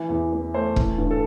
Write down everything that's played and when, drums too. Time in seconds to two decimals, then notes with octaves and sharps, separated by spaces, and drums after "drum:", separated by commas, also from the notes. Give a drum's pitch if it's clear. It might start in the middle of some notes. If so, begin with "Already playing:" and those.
Already playing: E3
0.09 E2
0.33 E3
0.54 A3 C5
0.76 E3, drum: kick E1
0.98 G2
1.11 A4